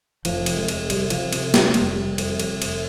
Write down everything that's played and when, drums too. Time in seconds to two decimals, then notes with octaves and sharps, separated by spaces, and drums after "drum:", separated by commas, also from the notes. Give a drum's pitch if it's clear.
0.25 F1 F3, drum: cymbal
0.46 F2, drum: cymbal
0.58 G#3
0.68 F1, drum: cymbal
0.90 C3 G3, drum: cymbal
1.10 C3 F3, drum: cymbal
1.33 C3, drum: cymbal
1.54 C3 G3, drum: snare
1.64 G#3
1.74 F1 G3, drum: cymbal
1.97 C3
2.18 F2, drum: cymbal
2.40 F1, drum: cymbal
2.62 F1, drum: cymbal